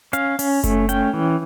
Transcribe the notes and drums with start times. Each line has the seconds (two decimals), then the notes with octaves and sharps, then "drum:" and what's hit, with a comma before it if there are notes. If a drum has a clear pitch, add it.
0.13 C#4 F5, drum: hi-hat
0.39 C#4, drum: open hi-hat
0.64 A3, drum: kick F#1, hi-hat
0.89 C#4 G5, drum: hi-hat
1.13 E3